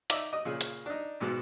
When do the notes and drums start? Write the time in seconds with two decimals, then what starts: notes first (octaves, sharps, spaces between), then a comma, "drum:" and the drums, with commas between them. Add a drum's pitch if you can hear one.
0.10 D#4 D5 E5, drum: hi-hat
0.33 D#5
0.45 A#2 C#3
0.61 drum: hi-hat
0.86 D4 D#4
1.20 B1 G#2 B2